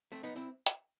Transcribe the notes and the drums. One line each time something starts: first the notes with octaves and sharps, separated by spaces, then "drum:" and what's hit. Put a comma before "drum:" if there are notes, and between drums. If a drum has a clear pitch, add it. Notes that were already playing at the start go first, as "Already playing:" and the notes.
A3 C4
B3 D#4
C4 E4
drum: hi-hat